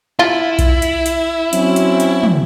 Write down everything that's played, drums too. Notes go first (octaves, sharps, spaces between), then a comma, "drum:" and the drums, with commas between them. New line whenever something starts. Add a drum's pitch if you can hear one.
E4 F4
drum: kick B1, hi-hat
drum: hi-hat
drum: hi-hat
F#3 C4 C#4, drum: hi-hat
drum: hi-hat
drum: hi-hat
drum: tom